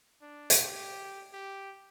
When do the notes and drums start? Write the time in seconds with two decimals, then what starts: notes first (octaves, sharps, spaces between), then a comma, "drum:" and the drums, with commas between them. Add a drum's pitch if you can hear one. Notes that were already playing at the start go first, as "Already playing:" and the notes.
0.22 D4
0.50 drum: hi-hat
0.63 G4
1.34 G4